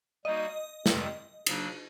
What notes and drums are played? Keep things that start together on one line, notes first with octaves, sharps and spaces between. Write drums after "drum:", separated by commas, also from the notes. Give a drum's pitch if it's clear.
G3 A#3 D#4 F#4 D#5
F2 C3 D#3 G3 C4, drum: snare
C#3 F#3 A#3 D4, drum: cymbal